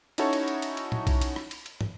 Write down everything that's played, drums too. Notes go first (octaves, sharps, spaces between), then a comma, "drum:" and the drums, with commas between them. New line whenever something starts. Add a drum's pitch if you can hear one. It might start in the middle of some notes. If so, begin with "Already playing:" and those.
C#4 D#4 E4 F#4 A4 C#5, drum: cymbal
drum: cymbal
drum: cymbal
drum: cymbal
drum: cymbal
drum: tom A#2
drum: kick B1, cymbal
drum: cymbal
drum: rim click
drum: cymbal
drum: cymbal
drum: tom